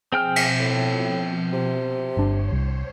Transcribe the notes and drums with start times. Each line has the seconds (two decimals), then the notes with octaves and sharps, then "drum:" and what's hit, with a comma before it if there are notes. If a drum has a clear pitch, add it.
0.12 B2 F3 C4 G#4 G5 F6
0.36 drum: cymbal
0.60 A2
1.53 C3
2.17 G1 D4 C5 C#5
2.52 C2